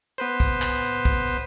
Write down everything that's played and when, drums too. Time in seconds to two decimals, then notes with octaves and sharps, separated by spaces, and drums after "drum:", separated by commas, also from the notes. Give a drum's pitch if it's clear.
0.18 B3 B4 C5
0.40 drum: kick, tambourine
0.62 drum: clap
0.84 drum: tambourine
1.05 drum: kick, tambourine
1.27 drum: tambourine